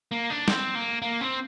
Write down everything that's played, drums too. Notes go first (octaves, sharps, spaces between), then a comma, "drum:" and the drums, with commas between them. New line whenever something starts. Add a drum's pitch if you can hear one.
A#3
D4
C4, drum: snare
A#3
A#3
C4